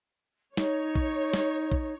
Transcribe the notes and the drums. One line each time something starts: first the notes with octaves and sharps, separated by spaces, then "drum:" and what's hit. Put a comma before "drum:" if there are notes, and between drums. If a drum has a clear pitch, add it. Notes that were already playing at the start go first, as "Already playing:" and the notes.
D#4 C#5, drum: snare
drum: kick A#1
drum: snare
drum: kick A#1